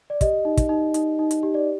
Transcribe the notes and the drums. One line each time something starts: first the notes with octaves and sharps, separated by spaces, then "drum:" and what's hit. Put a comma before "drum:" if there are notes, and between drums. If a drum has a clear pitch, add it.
D5
G4 D#5, drum: kick, hi-hat
D#4
drum: kick, hi-hat
D#4
D#4, drum: hi-hat
D#4
drum: hi-hat
G4
D5